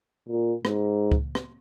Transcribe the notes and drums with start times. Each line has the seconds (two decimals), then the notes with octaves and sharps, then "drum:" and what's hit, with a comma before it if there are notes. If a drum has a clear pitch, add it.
0.28 A#2
0.65 G#2, drum: rim click
1.12 drum: kick C#2
1.35 drum: rim click